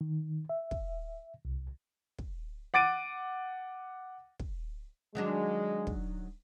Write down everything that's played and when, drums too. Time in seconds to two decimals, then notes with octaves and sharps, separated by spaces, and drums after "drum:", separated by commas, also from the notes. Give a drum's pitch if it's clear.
0.01 D#3
0.49 E5
0.71 drum: kick
1.45 C2
2.19 drum: kick
2.74 F#5 D6 A6 D7 D#7
4.40 drum: kick
5.15 D#3 F#3 G#3 D4
5.87 drum: kick